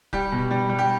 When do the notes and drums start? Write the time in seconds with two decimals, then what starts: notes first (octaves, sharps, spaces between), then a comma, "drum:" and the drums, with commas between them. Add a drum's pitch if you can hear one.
0.13 G3 G4, drum: kick D1
0.32 B2
0.51 G3
0.69 G3
0.79 G4